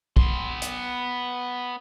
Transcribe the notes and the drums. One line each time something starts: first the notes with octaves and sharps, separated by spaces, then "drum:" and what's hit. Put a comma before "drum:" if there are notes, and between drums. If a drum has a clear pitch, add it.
B3 C6, drum: kick
drum: hi-hat